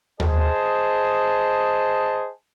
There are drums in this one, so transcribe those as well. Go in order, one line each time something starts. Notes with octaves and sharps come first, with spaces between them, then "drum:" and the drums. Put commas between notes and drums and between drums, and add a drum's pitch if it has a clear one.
G#4 C5 D#5 A5, drum: tom D#2